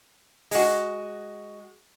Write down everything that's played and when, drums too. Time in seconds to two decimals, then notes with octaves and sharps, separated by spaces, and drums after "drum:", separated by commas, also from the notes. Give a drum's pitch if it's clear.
0.51 G#3 F#4, drum: open hi-hat